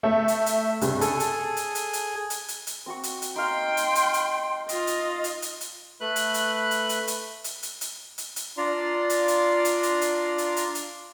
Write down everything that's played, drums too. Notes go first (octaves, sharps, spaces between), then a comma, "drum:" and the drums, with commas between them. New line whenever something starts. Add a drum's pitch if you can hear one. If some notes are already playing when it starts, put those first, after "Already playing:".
A3 E5
drum: hi-hat
drum: hi-hat
C#2 G2 C3, drum: hi-hat
G#4 A4, drum: hi-hat
drum: hi-hat
drum: hi-hat
drum: hi-hat
drum: hi-hat
drum: hi-hat
drum: hi-hat
drum: hi-hat
C4 F#4 C#6
drum: hi-hat
drum: hi-hat
D#4 F5 G5 C6
drum: hi-hat
drum: hi-hat
drum: hi-hat
F4 D#5, drum: hi-hat
drum: hi-hat
drum: hi-hat
drum: hi-hat
drum: hi-hat
A3 B4 B5 F#6
drum: hi-hat
drum: hi-hat
drum: hi-hat
drum: hi-hat
drum: hi-hat
drum: hi-hat
drum: hi-hat
drum: hi-hat
drum: hi-hat
drum: hi-hat
D4 F4 D5 A#5 C6
drum: hi-hat
drum: hi-hat
drum: hi-hat
drum: hi-hat
drum: hi-hat
drum: hi-hat
drum: hi-hat
drum: hi-hat